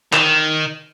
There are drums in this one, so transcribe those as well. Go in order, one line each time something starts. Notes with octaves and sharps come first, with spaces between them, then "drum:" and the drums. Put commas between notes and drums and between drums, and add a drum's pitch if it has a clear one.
D#3, drum: clap